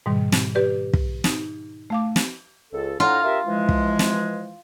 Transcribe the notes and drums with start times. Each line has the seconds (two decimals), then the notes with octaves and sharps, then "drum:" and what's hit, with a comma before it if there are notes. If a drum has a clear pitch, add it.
0.06 G#2 B2 D#3 G3
0.32 drum: snare
0.55 G4 B4 D5
0.93 drum: kick
1.24 D#4, drum: snare
1.90 A3 F5 D6
2.16 drum: snare
2.73 C#2 A4
3.00 A2 F4 F#5 A#5
3.24 G4 A#4 E5
3.47 E3 F3 G#3
3.69 drum: kick
3.99 drum: snare